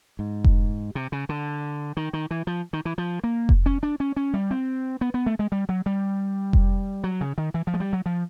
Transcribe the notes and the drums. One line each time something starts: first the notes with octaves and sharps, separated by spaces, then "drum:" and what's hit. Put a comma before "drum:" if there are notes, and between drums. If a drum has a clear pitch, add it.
G#2
drum: kick F1
C3
C#3
D3
D#3
D#3
E3
F3
D#3
E3
F3
A#3
drum: kick F1
C#4
D4
C#4
C#4
G3
C4
B3
B3
A3
G#3
G3
F#3
G3
drum: kick F1
F#3
C#3
D#3
E3
F3
G#3
G3
F#3
F3